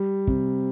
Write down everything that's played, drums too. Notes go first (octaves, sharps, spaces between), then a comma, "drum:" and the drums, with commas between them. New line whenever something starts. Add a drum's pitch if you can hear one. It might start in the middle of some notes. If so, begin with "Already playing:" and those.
Already playing: G3
C3, drum: kick